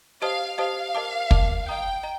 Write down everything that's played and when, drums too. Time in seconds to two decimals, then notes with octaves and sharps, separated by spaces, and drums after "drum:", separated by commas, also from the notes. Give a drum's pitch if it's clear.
0.22 G4 C5 D#5 F5 A5 D#6
0.58 G4 C5 D#5 F5 A5 D#6
0.95 A#4 D#5 A5 D6
1.31 A#4 D#5 A5 D6, drum: kick
1.67 D#5 G5 A#5 D#6 G6
2.03 D#5 A#5